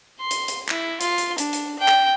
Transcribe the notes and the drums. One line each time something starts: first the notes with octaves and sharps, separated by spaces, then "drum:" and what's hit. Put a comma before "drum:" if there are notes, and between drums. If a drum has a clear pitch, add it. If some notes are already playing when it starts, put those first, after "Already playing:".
C6
drum: hi-hat
drum: hi-hat
E4, drum: clap
F4, drum: hi-hat
drum: hi-hat
D4, drum: hi-hat
drum: hi-hat
G5
drum: clap